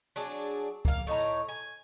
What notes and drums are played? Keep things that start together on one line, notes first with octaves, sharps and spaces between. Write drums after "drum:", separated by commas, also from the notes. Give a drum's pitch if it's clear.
F#3 D4 G#4, drum: tambourine
drum: tambourine
A#3 F5, drum: kick, tambourine
A2 D#4 C#5 A#5
drum: tambourine
G#5